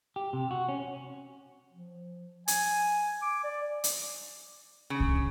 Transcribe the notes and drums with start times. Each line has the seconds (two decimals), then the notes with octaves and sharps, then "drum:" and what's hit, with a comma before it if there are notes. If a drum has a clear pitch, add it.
0.16 G4
0.33 C3
0.51 F#4
0.69 C#4
1.72 F3
2.48 G#5, drum: hi-hat
3.22 D6
3.44 D5
3.84 drum: hi-hat
4.90 C#3
5.00 drum: kick C2